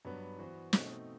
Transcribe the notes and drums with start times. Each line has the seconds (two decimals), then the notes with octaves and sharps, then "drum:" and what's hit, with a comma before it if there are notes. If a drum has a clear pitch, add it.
0.05 G2 F#3 B3
0.38 E3 B3 F#4 C5
0.73 B2 A3 C4 D#4, drum: snare